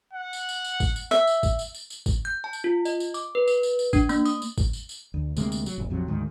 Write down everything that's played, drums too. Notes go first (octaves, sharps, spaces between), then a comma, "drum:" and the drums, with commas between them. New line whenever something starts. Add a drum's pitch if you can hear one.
F#5
drum: tambourine
drum: tambourine
drum: tambourine
drum: kick, tambourine
drum: tambourine
E5, drum: tambourine
drum: tambourine
drum: kick, tambourine
drum: tambourine
drum: tambourine
drum: tambourine
drum: kick, tambourine
G6
A5
drum: tambourine
F4
D#5, drum: tambourine
drum: tambourine
D6, drum: tambourine
B4
B4, drum: tambourine
drum: tambourine
drum: tambourine
D4, drum: kick, tambourine
A#3, drum: tambourine
D#6, drum: tambourine
drum: tambourine
drum: kick, tambourine
drum: tambourine
drum: tambourine
D2
D2 C3 G#3 A#3, drum: tambourine
drum: tambourine
F#3, drum: tambourine
F1 A#1
A#1 F2 C3 F#3
D2 G#2 D#3